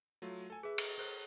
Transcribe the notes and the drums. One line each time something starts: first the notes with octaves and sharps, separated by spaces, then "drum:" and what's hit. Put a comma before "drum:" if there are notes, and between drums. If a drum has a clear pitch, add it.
F#3 A3 F4
A4 G#5
G#4 B4 E5
drum: cymbal
A#4 C5 F#6